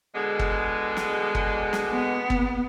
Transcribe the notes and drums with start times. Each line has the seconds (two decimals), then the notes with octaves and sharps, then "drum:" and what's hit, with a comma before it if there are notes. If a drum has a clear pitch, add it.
0.14 B2 D3 G#3
0.39 drum: kick
0.97 drum: snare
1.35 drum: kick
1.73 drum: snare
1.92 B3
2.30 drum: kick